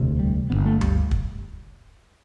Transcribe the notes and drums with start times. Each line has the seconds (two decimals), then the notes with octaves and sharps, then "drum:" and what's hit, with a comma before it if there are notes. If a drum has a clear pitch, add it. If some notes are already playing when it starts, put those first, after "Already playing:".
Already playing: E1 D2 C3
0.19 G3
0.50 G1 F#2 D3 B3
0.66 A3
0.81 G3, drum: tom D2
1.11 drum: kick